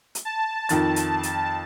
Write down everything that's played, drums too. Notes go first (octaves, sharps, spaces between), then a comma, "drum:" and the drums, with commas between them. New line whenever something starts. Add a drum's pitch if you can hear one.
drum: hi-hat
A5
F2 D#3 A6, drum: hi-hat
drum: hi-hat
drum: hi-hat